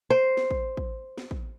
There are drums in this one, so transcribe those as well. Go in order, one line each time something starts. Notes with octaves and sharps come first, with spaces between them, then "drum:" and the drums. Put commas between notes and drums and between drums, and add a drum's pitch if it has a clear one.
C5
drum: snare
drum: kick
drum: kick
drum: snare
drum: kick